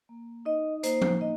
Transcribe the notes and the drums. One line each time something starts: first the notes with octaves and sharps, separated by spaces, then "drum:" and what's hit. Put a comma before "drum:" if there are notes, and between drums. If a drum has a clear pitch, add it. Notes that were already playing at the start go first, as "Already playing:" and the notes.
A#3
D#4 D#5
A#3 C5, drum: hi-hat
drum: tom F3
D#4 D#5